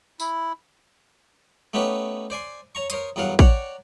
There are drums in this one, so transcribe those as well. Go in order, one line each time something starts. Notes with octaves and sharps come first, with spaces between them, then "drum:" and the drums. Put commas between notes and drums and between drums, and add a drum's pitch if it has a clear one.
E4, drum: tambourine
A3 B3 C#4 D#4 G4 B4
C5 D5 G#5 C6
C#5 A#5 C#6
A#4 C5 C#5 C6 D#6, drum: hi-hat
E2 G2 F#3 A#4 F5 F#5
C#5 D5 F#5 G5 A#5, drum: kick